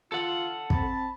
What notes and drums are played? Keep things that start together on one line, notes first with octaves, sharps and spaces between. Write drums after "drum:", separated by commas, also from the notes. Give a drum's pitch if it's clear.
F4 A4 F#5
C4 A5 B5, drum: kick